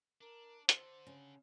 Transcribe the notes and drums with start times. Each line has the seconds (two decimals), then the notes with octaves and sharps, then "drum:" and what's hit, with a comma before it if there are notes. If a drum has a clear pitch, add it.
0.21 D4 A#4
0.69 D3 A4 C5, drum: hi-hat
1.07 C#3